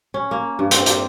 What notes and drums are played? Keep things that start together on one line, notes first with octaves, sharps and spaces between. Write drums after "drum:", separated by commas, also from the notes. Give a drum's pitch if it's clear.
C#4
A#3
G2
C4, drum: hi-hat
G4, drum: hi-hat